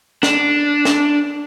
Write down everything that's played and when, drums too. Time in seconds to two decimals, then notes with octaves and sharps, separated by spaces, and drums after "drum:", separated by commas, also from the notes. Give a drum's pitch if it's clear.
0.23 D4, drum: snare
0.85 drum: snare